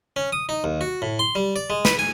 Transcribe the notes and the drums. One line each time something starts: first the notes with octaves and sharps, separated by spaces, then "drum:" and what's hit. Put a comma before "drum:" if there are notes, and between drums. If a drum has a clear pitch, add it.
C#4
D#6
D#4
D#2
F#4
A2
C6
G3
D5
G#3
B4, drum: snare
G#5